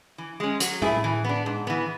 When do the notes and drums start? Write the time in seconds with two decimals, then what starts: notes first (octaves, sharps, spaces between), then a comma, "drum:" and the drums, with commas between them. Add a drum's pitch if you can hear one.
0.18 E3
0.40 G#3 C#4
0.60 F#3, drum: hi-hat
0.82 A3 E4 G#4, drum: tom A2
1.04 E3
1.24 B3 D4
1.46 G#2
1.67 E3 B3